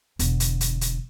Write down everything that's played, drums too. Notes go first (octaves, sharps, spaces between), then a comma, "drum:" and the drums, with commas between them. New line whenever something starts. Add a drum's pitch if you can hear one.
E1 D3, drum: hi-hat
drum: hi-hat
drum: hi-hat
drum: hi-hat